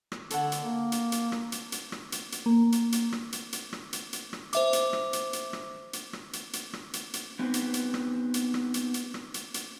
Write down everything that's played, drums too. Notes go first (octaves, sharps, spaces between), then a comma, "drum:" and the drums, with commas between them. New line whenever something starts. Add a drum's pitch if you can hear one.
drum: rim click
D3 A4 C#5 F#5, drum: hi-hat
drum: hi-hat
A#3
drum: hi-hat
drum: hi-hat
drum: rim click
drum: hi-hat
drum: hi-hat
drum: rim click
drum: hi-hat
drum: hi-hat
A#3
drum: hi-hat
drum: hi-hat
drum: rim click
drum: hi-hat
drum: hi-hat
drum: rim click
drum: hi-hat
drum: hi-hat
drum: rim click
C5 E5 D6, drum: hi-hat
drum: hi-hat
drum: rim click
drum: hi-hat
drum: hi-hat
drum: rim click
drum: hi-hat
drum: rim click
drum: hi-hat
drum: hi-hat
drum: rim click
drum: hi-hat
drum: hi-hat
B3 C4 D#4 G4 B4 C5
drum: hi-hat
drum: hi-hat
drum: rim click
drum: hi-hat
drum: rim click
drum: hi-hat
drum: hi-hat
drum: rim click
drum: hi-hat
drum: hi-hat